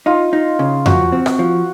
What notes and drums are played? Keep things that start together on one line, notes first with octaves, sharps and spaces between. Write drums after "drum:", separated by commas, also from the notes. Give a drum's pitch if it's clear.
D#4 F4
D#4
C#3
F3 F#4, drum: tom F2
C4
drum: rim click
F3